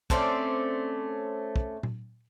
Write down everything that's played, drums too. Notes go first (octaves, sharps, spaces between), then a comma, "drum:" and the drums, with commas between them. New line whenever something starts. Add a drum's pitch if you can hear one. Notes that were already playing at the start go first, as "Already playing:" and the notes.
A3 C4 C#4 D5, drum: kick
drum: kick
drum: tom A#2